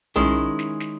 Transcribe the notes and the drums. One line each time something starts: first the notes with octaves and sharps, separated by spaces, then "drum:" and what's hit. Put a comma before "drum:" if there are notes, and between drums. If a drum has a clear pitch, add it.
D#3 G#3 C#4 E4, drum: tom B1
drum: snare
drum: snare